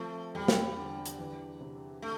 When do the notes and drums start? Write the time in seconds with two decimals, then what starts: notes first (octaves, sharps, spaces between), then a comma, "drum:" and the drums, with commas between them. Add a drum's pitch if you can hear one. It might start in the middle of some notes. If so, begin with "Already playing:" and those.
Already playing: F3 A3 C4
0.34 E2 G3
0.48 drum: snare
0.77 D3
1.06 drum: hi-hat
1.19 E3
1.61 C3
2.02 D3 A3